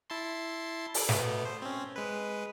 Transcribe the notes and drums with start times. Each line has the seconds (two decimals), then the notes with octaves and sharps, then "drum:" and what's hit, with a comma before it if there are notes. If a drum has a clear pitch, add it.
0.10 E4 A5 C6
0.94 drum: open hi-hat
1.09 B2 A3 B3, drum: snare
1.45 C5
1.62 C4 C#4
1.96 G#3 B4